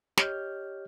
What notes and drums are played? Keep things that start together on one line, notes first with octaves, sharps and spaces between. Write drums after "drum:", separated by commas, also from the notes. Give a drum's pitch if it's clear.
G4 C#5 D#5 F6 G6, drum: snare